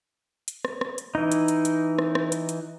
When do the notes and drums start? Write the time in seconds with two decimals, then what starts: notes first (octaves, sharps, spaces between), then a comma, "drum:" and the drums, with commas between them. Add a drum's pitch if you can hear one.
0.48 drum: hi-hat
0.65 drum: rim click
0.81 drum: rim click
0.98 drum: hi-hat
1.15 E3 D#4
1.32 drum: hi-hat
1.48 drum: hi-hat
1.65 drum: hi-hat
1.99 drum: rim click
2.15 drum: rim click
2.32 drum: hi-hat
2.49 drum: hi-hat